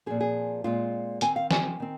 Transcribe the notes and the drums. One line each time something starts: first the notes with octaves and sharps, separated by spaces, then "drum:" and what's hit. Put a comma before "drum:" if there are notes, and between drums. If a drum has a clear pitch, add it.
A#2 F3 C4 G#4
G#4
A#2 G#3 C4 F4
D#3 C4 G#5, drum: hi-hat
F5
G#5, drum: snare
D#3 C4